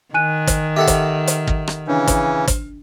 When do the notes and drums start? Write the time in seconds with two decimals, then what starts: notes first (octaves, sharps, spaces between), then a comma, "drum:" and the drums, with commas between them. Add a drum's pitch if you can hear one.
0.14 D#3 G#5 F#6 D#7
0.47 drum: kick, hi-hat
0.76 G4 A4 E5 F#5
0.87 drum: kick, hi-hat
1.27 drum: hi-hat
1.47 drum: kick
1.67 drum: rim click
1.87 C#3 E3 C#4 D4
2.07 drum: kick, hi-hat
2.48 drum: kick, hi-hat